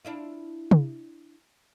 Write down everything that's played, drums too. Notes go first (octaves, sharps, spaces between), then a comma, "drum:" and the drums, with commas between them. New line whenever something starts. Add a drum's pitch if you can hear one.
D4 E4 F4
drum: tom